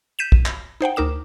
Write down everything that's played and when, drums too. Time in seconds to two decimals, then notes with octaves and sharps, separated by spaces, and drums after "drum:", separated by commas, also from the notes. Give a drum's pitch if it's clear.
0.19 G6 B6 D#7 E7
0.32 drum: kick
0.46 drum: clap
0.81 D#4 C5 F#5 G5
0.96 D2 D#4 A#4 D6 E7